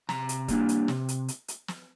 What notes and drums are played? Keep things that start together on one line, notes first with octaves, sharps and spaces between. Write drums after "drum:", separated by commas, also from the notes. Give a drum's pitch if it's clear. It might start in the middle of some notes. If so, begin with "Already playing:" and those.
C3 A#5, drum: snare
drum: hi-hat
G3 A#3 D4, drum: kick D#1, hi-hat
drum: hi-hat
C3, drum: snare
drum: hi-hat
drum: hi-hat
drum: hi-hat
drum: snare